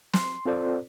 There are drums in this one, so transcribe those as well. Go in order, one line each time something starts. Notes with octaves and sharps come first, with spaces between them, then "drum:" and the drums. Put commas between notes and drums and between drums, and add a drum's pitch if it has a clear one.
C6, drum: snare
C4 F4 A4 C5 D5